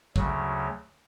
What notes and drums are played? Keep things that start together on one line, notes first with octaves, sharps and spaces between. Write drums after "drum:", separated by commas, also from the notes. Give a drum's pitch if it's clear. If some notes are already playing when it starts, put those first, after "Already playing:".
D2 C#3 F#3, drum: kick